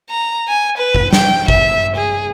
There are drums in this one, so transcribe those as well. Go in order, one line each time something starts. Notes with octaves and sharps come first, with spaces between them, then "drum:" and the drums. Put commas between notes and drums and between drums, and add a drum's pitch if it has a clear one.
A#5
G#5
B4
drum: kick G1
G5, drum: snare
E5, drum: kick G1
G#4